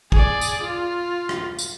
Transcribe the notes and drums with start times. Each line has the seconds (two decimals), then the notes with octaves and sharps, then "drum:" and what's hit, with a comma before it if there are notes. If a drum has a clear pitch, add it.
0.12 G#4 D5, drum: kick A1
0.41 drum: tambourine
0.62 F4
1.29 drum: rim click
1.59 drum: tambourine